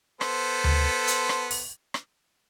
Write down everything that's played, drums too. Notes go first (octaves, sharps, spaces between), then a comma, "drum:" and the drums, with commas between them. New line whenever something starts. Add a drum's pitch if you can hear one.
B3 A4 C5, drum: rim click
drum: tom D2
drum: hi-hat
drum: rim click
drum: open hi-hat
drum: rim click